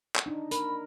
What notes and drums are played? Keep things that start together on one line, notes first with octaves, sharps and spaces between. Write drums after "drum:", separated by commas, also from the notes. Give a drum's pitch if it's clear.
drum: clap
D4 D#4
A#4 B5, drum: hi-hat